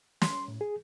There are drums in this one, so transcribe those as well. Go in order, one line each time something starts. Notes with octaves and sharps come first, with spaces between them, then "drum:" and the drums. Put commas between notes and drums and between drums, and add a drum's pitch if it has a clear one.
C6, drum: snare
A2
G#4